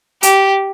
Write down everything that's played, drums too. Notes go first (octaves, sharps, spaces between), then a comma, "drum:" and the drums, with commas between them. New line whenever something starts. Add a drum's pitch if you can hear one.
G4, drum: hi-hat